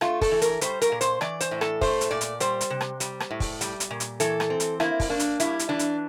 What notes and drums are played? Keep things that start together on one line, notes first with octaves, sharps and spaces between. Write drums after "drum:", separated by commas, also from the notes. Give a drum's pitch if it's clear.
A3 F4, drum: rim click
A4, drum: kick, open hi-hat
E3
A#4, drum: hi-hat
G3 C5, drum: hi-hat
A#4, drum: hi-hat
A#2
C5, drum: hi-hat
E3 D5, drum: rim click
C5, drum: hi-hat
A2
A4, drum: rim click
A3 C5, drum: kick, open hi-hat
drum: hi-hat
A#2 D5
drum: hi-hat
G3 C5, drum: hi-hat
drum: hi-hat
C3
drum: rim click
G3, drum: hi-hat
drum: rim click
A2
drum: kick, open hi-hat
G3, drum: hi-hat
drum: hi-hat
A#2
drum: hi-hat
E3 A4, drum: hi-hat
drum: rim click
C4
drum: hi-hat
A#3 E4, drum: rim click
drum: kick, open hi-hat
A#3 D4
drum: hi-hat
G3 E4, drum: hi-hat
drum: hi-hat
E3 D4
drum: hi-hat